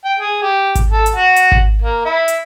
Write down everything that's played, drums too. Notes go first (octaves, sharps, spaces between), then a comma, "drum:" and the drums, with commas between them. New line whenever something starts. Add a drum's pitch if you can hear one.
G5
G#4
G4
drum: kick G#1, hi-hat
A4
drum: hi-hat
F#4
drum: hi-hat
drum: kick G#1
A#3
E4
drum: hi-hat